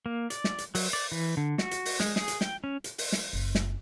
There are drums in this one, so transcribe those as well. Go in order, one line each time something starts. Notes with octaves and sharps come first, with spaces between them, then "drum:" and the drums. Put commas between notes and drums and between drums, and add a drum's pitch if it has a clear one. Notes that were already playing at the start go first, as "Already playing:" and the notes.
A#3
D5, drum: hi-hat
drum: snare
drum: hi-hat
F#3, drum: open hi-hat
D5
E3
D3
F#4, drum: snare
drum: hi-hat
drum: open hi-hat
G#3, drum: snare
G#4, drum: snare
drum: hi-hat
G5, drum: snare
C#4
drum: hi-hat
drum: open hi-hat
drum: snare
F#1
drum: snare